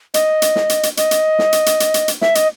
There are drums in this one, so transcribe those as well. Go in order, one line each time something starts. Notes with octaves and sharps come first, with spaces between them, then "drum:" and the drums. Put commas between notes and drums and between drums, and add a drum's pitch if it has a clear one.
D#5, drum: hi-hat
drum: hi-hat
drum: snare
drum: hi-hat
drum: hi-hat
D#5, drum: hi-hat
drum: hi-hat
drum: snare
drum: hi-hat
drum: hi-hat
drum: hi-hat
drum: hi-hat
drum: hi-hat
E5, drum: snare
D#5, drum: hi-hat